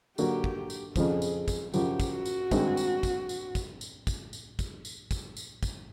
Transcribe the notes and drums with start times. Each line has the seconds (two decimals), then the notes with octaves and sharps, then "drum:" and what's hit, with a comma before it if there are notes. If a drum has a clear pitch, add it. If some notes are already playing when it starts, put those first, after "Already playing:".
0.18 D3 F#3 A#3 G4, drum: tambourine
0.44 drum: kick
0.70 drum: tambourine
0.96 F2 C#3 F3 G#4, drum: kick, tambourine
1.22 drum: tambourine
1.48 drum: kick, tambourine
1.74 F#2 C#3 F3 G4, drum: tambourine
2.00 drum: kick, tambourine
2.13 F#4
2.25 drum: tambourine
2.51 G2 D#3 G#3 C4, drum: kick, tambourine
2.77 drum: tambourine
3.03 drum: kick, tambourine
3.29 drum: tambourine
3.55 drum: kick, tambourine
3.81 drum: tambourine
4.07 drum: kick, tambourine
4.33 drum: tambourine
4.59 drum: kick, tambourine
4.85 drum: tambourine
5.11 drum: kick, tambourine
5.37 drum: tambourine
5.63 drum: kick, tambourine